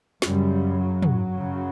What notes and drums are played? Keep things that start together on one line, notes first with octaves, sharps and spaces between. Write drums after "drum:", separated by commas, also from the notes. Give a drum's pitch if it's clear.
F#2 C#3 G3, drum: snare
F#3
drum: tom
F#2 C#3